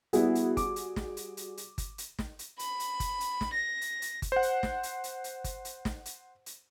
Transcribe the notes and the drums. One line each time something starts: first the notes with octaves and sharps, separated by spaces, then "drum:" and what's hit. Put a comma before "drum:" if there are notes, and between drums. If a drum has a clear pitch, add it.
G3 B3 E4 F#4 G#4, drum: hi-hat
drum: hi-hat
D6, drum: kick G1, hi-hat
drum: hi-hat
drum: snare
drum: hi-hat
drum: hi-hat
drum: hi-hat
drum: kick G1, hi-hat
drum: hi-hat
drum: snare
drum: hi-hat
B5, drum: hi-hat
drum: hi-hat
drum: kick G1, hi-hat
drum: hi-hat
drum: snare
A#6
drum: hi-hat
drum: hi-hat
drum: kick G1, hi-hat
C5 F#5
drum: hi-hat
drum: snare
drum: hi-hat
drum: hi-hat
drum: hi-hat
drum: kick G1, hi-hat
drum: hi-hat
drum: snare
drum: hi-hat
drum: hi-hat